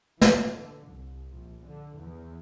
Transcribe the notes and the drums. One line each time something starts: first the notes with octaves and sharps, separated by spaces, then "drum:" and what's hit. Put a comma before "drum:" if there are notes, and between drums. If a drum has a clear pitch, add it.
E3, drum: snare
D3
C2
A#1
D3
E2